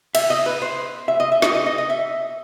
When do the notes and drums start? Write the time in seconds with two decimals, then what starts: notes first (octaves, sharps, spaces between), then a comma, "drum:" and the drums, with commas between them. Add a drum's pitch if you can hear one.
0.15 E5, drum: cymbal
0.30 D#5
0.46 B4
0.62 C5
1.08 E5
1.20 D#5
1.32 E5
1.42 D#5, drum: snare
1.55 D#5
1.66 D#5
1.78 D#5
1.90 E5